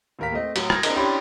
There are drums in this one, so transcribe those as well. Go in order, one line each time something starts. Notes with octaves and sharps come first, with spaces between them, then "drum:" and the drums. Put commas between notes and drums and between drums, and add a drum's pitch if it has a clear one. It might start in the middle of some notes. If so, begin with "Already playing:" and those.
D#2 A2 A#4 F5 B6
A3 C4 D#5
A2 F#3, drum: cymbal
F6 G#6 A#6, drum: rim click
C4 D4 E4 G#4 A#4 D#5, drum: cymbal
C#4 D4 E4 G4 B5 C6